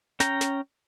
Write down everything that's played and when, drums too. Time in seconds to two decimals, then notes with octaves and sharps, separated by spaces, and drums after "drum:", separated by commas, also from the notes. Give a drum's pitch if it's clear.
0.20 C#4 G5 A#5, drum: snare
0.41 drum: snare